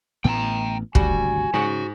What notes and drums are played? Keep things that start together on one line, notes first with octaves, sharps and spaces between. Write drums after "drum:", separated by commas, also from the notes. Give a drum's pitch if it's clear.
A1 A2 B3 G5 G#5 A#5
G#1 D2 C3 G3 F#4 G#5, drum: kick
G#2 C#3 F#4 C#6